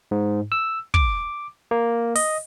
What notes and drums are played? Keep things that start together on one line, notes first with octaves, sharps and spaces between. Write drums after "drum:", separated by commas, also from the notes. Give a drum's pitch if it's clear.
G#2
E6
D6, drum: kick
A#3
D#5, drum: open hi-hat